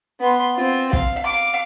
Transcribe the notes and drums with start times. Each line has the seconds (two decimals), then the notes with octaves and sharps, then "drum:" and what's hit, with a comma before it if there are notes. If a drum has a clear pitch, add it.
0.20 B3 C6
0.55 C4 F4
0.93 F5, drum: kick
1.26 F5 D6